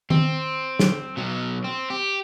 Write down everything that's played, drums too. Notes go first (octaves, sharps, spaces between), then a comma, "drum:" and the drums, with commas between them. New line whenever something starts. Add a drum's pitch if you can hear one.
C4, drum: tom D#3
drum: snare
B2 F#3
C4
G4